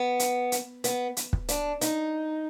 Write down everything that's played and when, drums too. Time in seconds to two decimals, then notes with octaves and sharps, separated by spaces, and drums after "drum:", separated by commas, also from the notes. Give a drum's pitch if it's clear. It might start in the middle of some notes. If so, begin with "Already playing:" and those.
Already playing: B3
0.19 drum: hi-hat
0.52 drum: hi-hat
0.84 B3, drum: hi-hat
1.17 drum: hi-hat
1.33 drum: kick
1.49 D4, drum: hi-hat
1.81 D#4, drum: hi-hat